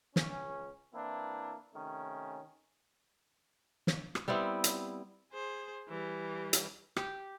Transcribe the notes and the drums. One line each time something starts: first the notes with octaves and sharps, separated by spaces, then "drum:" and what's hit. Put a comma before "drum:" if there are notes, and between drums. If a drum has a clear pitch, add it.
C#2 C#4, drum: snare
E3 A#3 C4 D4 E4
C3 D#3 A3 C#4
drum: snare
drum: rim click
G3 B3 C4 E4
drum: hi-hat
G#4 C5
E3 G3
drum: hi-hat
G4, drum: rim click